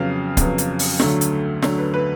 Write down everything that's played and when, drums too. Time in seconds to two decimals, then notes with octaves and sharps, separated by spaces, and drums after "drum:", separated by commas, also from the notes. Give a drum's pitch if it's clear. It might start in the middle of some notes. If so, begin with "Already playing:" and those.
Already playing: F2 C#3 F#3 B3 F5
0.37 F2 C#3 F#3 B3, drum: kick, hi-hat
0.58 drum: hi-hat
0.79 drum: open hi-hat
0.99 D2 D3 F#3 A3, drum: snare
1.21 drum: hi-hat
1.62 D2 D3 F#3 A3, drum: snare
1.78 B4
1.94 B4